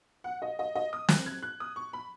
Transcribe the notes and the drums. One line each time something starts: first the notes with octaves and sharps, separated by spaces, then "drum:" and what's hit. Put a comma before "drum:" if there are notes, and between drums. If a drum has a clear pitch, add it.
F#5
D#5
D#5
D#5
D#6
F#6, drum: snare
G#6
F#6
D#6
C#6
B5